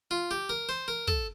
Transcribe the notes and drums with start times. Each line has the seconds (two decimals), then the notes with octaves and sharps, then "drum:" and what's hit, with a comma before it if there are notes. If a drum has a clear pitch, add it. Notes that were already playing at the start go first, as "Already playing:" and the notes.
0.11 F4
0.31 G4
0.49 A#4
0.69 C5
0.88 A#4
1.08 A4, drum: kick